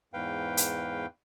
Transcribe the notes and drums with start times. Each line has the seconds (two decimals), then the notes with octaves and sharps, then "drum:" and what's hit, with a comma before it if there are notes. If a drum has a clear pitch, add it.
0.13 E2 G#2 B4 F5 G5
0.57 drum: hi-hat